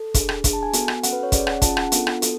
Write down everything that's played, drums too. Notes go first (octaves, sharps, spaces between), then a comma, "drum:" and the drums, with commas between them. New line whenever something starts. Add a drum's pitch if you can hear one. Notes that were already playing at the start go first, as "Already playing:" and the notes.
Already playing: A4
D4 G#4, drum: kick, hi-hat
drum: rim click
D4 G#4, drum: kick, hi-hat
A5
G#5
B3 F#4 A4, drum: hi-hat
drum: rim click
C#4 F#4 A4 F#5, drum: hi-hat
B4
C#5
C#4 G#4 D5, drum: kick, hi-hat
F#5, drum: rim click
C#4 F4 G#4 A5, drum: kick, hi-hat
F#5, drum: rim click
B3 D4 F4 A4, drum: hi-hat
drum: rim click
B3 F#4 A4, drum: hi-hat